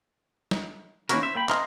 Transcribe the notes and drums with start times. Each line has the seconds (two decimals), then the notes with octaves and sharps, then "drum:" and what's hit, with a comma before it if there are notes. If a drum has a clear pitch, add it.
0.51 drum: snare
1.09 D#3 A#3 C#4 E4 F#4 A#4, drum: hi-hat
1.21 C5 E5
1.35 A#3 G5 B5
1.49 A#4 D#5 F5 A#5 C6, drum: clap